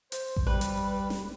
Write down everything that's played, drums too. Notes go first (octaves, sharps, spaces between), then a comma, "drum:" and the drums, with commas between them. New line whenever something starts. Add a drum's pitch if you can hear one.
C5, drum: hi-hat
drum: kick A1
G3 B4
drum: hi-hat
drum: snare